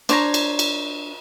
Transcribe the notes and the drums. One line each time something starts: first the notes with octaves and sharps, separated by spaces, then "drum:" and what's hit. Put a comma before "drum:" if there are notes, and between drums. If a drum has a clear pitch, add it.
D4 C5 C#5 A#5, drum: cymbal
drum: cymbal
drum: cymbal